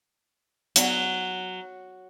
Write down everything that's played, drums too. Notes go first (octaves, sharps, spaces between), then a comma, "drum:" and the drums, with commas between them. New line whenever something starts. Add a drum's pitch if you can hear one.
F#3 B3 D5 F#5, drum: hi-hat